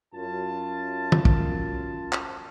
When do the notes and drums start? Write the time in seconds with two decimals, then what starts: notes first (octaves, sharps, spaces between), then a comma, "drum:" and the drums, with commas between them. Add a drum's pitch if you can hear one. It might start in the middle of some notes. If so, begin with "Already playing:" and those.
0.15 F#2 F4 A5
1.12 drum: tom
1.25 drum: kick
2.13 drum: clap